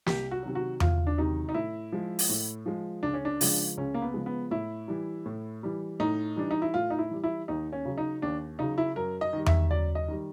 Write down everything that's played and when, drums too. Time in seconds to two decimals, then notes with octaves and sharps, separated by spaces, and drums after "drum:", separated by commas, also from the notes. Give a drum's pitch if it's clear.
0.06 C2 G4, drum: snare
0.31 F#4
0.43 C3 D#3 F#3
0.55 F#4
0.80 C2 F4, drum: tom E2
1.07 D4
1.18 C3 D#3 F#3 D#4
1.49 D#4
1.54 A2 E4
1.92 F3 G#3
2.19 drum: open hi-hat
2.30 A2
2.66 F3 G#3
3.03 C#2 D4
3.14 C#4
3.25 D4
3.41 C#3 F3 G#3, drum: open hi-hat
3.77 C#2 C#4
3.94 A#3
4.02 B3
4.14 C#3 F3 G#3
4.26 B3
4.51 A2 E4
4.88 E3 G3
5.26 A2
5.63 E3 G3
6.00 A2 D#4
6.36 E3 G3 D4
6.51 D#4
6.62 E4
6.74 A2 F4
6.90 D#4
6.99 E4
7.11 E3 G3
7.24 E4
7.48 D#2 D#4
7.73 C#4
7.85 C#3 F#3
7.98 D#4
8.22 D#2 D4
8.59 C#3 F#3 D#4
8.78 E4
8.96 F#2 A#4
9.21 D#5
9.33 D#3 G3
9.46 E5, drum: tom E2
9.71 F#2 D5
9.95 D#5
10.08 D#3 G3